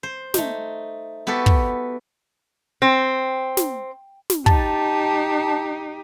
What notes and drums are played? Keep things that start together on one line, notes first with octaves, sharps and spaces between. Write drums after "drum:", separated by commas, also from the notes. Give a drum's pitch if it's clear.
C5
A3 D#4, drum: snare
B3 F#4 G4 A4 B4
drum: kick
C4
drum: snare
drum: snare
D#4 G4 A5, drum: kick